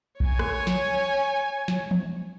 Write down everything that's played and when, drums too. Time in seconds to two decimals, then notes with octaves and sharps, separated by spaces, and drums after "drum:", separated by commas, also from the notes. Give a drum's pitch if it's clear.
0.20 C#5 G#5, drum: kick A#1
0.39 drum: rim click
0.67 drum: snare
1.68 drum: snare
1.91 drum: tom E3